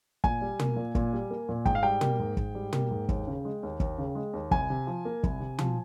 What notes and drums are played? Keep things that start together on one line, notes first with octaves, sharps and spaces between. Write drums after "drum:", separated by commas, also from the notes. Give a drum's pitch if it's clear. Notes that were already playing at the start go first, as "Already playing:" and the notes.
A#2 G#5, drum: kick
G3
A#3, drum: tom
A#2
A#2, drum: kick
G3
A#3
A#2
G#2 G5, drum: kick
F5
G3 G5
A#3, drum: tom
G#2
G#2, drum: kick
G3
A#3, drum: tom
G#2
D#2, drum: kick
C#3
G#3
D#2
D#2, drum: kick
C#3
G#3
D#2
C2 G#5, drum: kick
C3
F3
A#3
C2, drum: kick
C3
F3, drum: tom